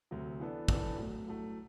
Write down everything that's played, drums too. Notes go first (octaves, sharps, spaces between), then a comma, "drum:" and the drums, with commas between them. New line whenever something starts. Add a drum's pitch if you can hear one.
D2 C3 F#3
E3 B3 D4 A4
E3 B3 D4 A4, drum: kick
A2 F#3 A3
A2 F#3 A3